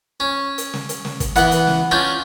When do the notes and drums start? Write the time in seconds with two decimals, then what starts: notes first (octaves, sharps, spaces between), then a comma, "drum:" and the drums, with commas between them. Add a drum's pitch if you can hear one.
0.20 C#4
0.58 drum: hi-hat
0.73 drum: snare
0.89 drum: hi-hat
1.05 drum: snare
1.20 drum: kick, hi-hat
1.36 E3 B3 F#5, drum: hi-hat
1.51 drum: hi-hat
1.67 drum: snare
1.91 C#4 D4 F4 G6